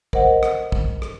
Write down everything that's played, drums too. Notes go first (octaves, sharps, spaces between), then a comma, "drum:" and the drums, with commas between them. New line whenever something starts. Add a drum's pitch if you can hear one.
A#4 C5 D#5 F#5, drum: kick
drum: rim click
drum: kick
drum: rim click